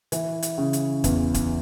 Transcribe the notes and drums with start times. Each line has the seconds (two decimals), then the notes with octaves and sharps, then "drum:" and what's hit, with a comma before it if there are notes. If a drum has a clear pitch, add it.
0.12 E3, drum: hi-hat
0.43 drum: hi-hat
0.58 C#3
0.73 drum: hi-hat
1.04 E2, drum: kick D#1, hi-hat
1.34 drum: kick D#1, hi-hat